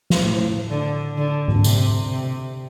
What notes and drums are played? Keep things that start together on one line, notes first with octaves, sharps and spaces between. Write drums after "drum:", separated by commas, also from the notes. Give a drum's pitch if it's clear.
drum: snare
A2
D3
D3
drum: tom G#2
C3, drum: tambourine
C3